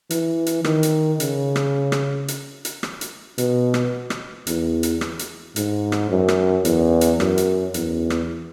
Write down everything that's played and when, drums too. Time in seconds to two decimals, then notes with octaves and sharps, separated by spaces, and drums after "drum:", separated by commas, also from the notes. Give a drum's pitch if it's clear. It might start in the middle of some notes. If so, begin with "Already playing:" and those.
0.10 E3, drum: hi-hat
0.46 drum: hi-hat
0.64 D#3, drum: rim click
0.83 drum: hi-hat
1.20 C#3, drum: hi-hat
1.56 drum: rim click
1.92 drum: rim click
2.28 drum: hi-hat
2.65 drum: hi-hat
2.83 drum: rim click
3.01 drum: hi-hat
3.38 B2, drum: hi-hat
3.74 drum: rim click
4.10 drum: rim click
4.47 E2, drum: hi-hat
4.83 drum: hi-hat
5.01 drum: rim click
5.19 drum: hi-hat
5.56 G#2, drum: hi-hat
5.92 drum: rim click
6.10 F#2
6.28 drum: rim click
6.65 E2, drum: hi-hat
7.01 drum: hi-hat
7.20 F#2, drum: rim click
7.38 drum: hi-hat
7.74 E2, drum: hi-hat
8.10 drum: rim click